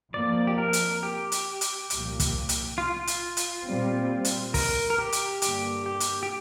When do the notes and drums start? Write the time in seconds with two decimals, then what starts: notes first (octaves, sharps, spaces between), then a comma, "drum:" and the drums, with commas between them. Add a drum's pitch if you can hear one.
0.14 F2 F3 A#3 D5
0.47 G4
0.58 A#4
0.73 drum: hi-hat
1.03 G4
1.32 drum: hi-hat
1.61 drum: hi-hat
1.90 C2 A#2 F3 A#3, drum: hi-hat
2.20 drum: kick, hi-hat
2.49 drum: hi-hat
2.78 F4
2.97 F4
3.07 drum: hi-hat
3.37 drum: hi-hat
3.65 A#2 G3 C4
4.25 drum: hi-hat
4.54 A#4, drum: kick, open hi-hat
4.90 A#4
4.98 G4
5.12 drum: hi-hat
5.42 G2 D3 A#3 G4, drum: hi-hat
5.86 G4
6.00 drum: hi-hat
6.23 G4